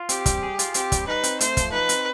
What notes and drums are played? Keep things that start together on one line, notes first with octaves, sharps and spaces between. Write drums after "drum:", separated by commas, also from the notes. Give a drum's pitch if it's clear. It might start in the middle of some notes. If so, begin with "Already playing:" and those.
Already playing: F4
C4 G4, drum: hi-hat
G3, drum: kick, hi-hat
G#4
F4, drum: hi-hat
C4 G4, drum: hi-hat
G3, drum: kick, hi-hat
D#4 B4
C4, drum: hi-hat
A3 C5, drum: hi-hat
F3, drum: kick, hi-hat
D#4 B4
C4, drum: hi-hat